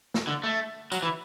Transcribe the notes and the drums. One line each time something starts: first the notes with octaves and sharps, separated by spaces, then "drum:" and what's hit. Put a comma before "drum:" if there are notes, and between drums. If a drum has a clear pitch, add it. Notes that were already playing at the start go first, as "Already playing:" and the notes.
drum: snare
D3
A3
F#3, drum: tambourine
E3